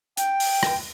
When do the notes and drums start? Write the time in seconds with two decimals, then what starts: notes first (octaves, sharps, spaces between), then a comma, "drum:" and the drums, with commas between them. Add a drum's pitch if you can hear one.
0.17 G5, drum: hi-hat
0.40 drum: open hi-hat
0.63 drum: rim click